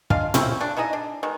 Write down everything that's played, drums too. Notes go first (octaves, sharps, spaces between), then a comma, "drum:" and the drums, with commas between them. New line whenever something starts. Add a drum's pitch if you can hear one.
G#3 D4 F4 F5, drum: kick
C4 C#4 E4, drum: tom A#2
C#3 D4
D#4 E4 G#4 D#5
D4
B2 D#3 G#3